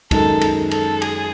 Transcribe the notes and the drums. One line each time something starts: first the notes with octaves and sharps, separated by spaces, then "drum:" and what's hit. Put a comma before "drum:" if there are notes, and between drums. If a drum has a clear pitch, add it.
F#2 D#3 G#3 D#4 A4, drum: kick, cymbal
drum: cymbal
A4, drum: cymbal
G#4, drum: cymbal